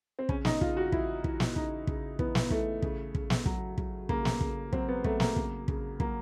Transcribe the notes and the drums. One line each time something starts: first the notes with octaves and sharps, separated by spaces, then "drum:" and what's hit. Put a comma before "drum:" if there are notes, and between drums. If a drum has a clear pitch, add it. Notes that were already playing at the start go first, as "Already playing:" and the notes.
C4
C#3 C#4, drum: kick
D#4, drum: snare
C#3 F4, drum: kick
F#4
E3 E4, drum: kick
E3, drum: kick
drum: snare
C#3 D#4, drum: kick
C#3, drum: kick
E3 B3, drum: kick
drum: snare
E3 A3, drum: kick
C#3, drum: kick
C#3, drum: kick
drum: snare
F#3, drum: kick
F#3, drum: kick
C#3 A#3, drum: kick
drum: snare
C#3, drum: kick
F#3 C4, drum: kick
B3
F#3 A3, drum: kick
A#3, drum: snare
C#3, drum: kick
C#3, drum: kick
F#3 A#3, drum: kick